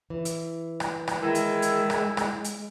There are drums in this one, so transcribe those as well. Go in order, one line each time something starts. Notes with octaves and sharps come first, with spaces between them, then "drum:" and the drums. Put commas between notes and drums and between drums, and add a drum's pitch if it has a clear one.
E3
drum: hi-hat
drum: rim click
drum: rim click
D#3 G#3 E4
drum: hi-hat
drum: hi-hat
drum: rim click
drum: rim click
drum: hi-hat